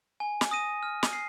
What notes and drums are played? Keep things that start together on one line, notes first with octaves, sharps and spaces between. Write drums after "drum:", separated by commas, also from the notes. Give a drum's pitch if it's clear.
G#5
drum: snare
D#6 A#6 D#7
F6
drum: snare
C7